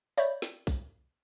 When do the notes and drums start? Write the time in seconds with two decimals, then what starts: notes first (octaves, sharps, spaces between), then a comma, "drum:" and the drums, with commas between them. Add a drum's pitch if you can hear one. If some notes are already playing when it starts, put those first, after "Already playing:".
0.17 C#5 D5 E5 B5 C#6 G6, drum: tambourine
0.42 drum: snare
0.67 drum: kick, tambourine